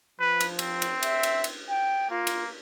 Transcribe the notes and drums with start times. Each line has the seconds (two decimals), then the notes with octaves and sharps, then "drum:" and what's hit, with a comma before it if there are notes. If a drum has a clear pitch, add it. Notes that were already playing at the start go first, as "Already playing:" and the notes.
0.20 F3 B4
0.40 drum: cymbal
0.59 C4, drum: cymbal
0.82 drum: cymbal
1.03 E5, drum: cymbal
1.23 drum: cymbal
1.44 drum: cymbal
1.70 G5
2.11 A#3 F4
2.27 drum: cymbal